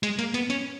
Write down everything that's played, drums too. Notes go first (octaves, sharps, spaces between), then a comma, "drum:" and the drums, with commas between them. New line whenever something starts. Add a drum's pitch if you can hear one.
G#3, drum: hi-hat
A#3, drum: hi-hat
B3, drum: hi-hat
C#4, drum: hi-hat